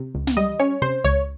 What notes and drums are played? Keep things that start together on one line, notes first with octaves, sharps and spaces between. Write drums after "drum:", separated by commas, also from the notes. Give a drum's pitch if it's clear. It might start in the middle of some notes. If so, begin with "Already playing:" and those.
Already playing: C3
C#2
drum: snare
G3 D#5
C#4 C#5
C3 C5
C#2 C#5